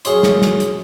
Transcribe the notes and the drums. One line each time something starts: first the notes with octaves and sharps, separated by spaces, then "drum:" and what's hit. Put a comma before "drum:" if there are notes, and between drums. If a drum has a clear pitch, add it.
F#2 G#4 C#5 C6, drum: hi-hat
drum: snare
drum: snare
drum: hi-hat